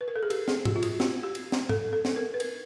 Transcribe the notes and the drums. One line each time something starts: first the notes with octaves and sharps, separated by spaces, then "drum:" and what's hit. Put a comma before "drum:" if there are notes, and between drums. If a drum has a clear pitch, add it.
B4
A#4
A4
G#4
G4, drum: cymbal
G#4, drum: snare
G4, drum: tom G#2
F4
F#4, drum: cymbal
G4, drum: snare
G4
drum: cymbal
drum: snare
A4, drum: tom G#2
A4
drum: snare
A#4
B4
A#4, drum: cymbal